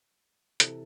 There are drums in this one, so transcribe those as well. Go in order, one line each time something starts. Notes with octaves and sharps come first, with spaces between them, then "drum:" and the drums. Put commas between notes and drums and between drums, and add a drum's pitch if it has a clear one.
C3 E3 A4, drum: hi-hat